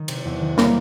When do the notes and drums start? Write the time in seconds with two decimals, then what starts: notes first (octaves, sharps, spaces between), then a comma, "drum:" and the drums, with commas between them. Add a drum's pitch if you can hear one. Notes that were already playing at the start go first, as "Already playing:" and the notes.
Already playing: D#3
0.08 C3, drum: cymbal
0.25 E2
0.42 D#3
0.58 G3 A#3, drum: snare